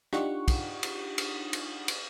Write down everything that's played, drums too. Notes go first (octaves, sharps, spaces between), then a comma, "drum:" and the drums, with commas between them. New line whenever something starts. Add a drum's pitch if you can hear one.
D4 D#4 F4 G4 F#5 C#6, drum: rim click
drum: kick, cymbal
drum: cymbal
drum: cymbal
drum: cymbal
drum: cymbal